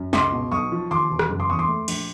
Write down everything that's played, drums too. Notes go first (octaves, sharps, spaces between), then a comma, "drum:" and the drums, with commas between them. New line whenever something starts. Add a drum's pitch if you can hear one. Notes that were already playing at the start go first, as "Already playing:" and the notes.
Already playing: F#2
C#2 C6 D6, drum: snare
B2
B1 C#6 D#6
F3
D#2 C6 D6
E1
drum: rim click
F#1
C6 D6
E2 C#6 D#6
C6 D6
A3
A#1, drum: cymbal